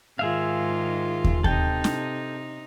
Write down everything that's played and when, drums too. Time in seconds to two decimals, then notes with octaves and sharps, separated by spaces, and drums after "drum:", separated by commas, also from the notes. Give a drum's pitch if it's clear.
0.19 G#2 D#3 F4 G#4 E5 F5
1.24 drum: kick
1.44 C3 D#4 A4 G5, drum: kick
1.84 drum: snare